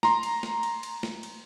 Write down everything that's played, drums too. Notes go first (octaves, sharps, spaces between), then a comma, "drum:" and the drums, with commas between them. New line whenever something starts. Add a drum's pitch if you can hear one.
A#5 C6, drum: snare
drum: cymbal
drum: snare
drum: cymbal
drum: cymbal
drum: snare
drum: cymbal